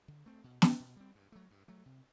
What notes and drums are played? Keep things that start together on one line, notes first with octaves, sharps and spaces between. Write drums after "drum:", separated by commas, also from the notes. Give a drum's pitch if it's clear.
D3
A3 C4
B2
G3 C4, drum: snare
B2
G3 C4
G2
F#3 A3
G2
F#3 A3
C3